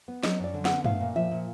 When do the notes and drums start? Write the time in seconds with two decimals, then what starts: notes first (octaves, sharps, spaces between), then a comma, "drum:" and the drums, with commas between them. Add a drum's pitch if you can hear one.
0.08 B3
0.23 F#3 D#5, drum: snare
0.39 F#2 D5
0.54 D3
0.65 B3 F#5, drum: snare
0.84 A3 F5, drum: tom
1.00 A#2
1.16 F3 E5
1.31 A#2